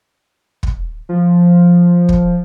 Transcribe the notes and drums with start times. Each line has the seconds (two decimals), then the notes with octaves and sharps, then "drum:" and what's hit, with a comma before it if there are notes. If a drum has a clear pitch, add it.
0.63 drum: kick
1.09 F3
2.09 drum: kick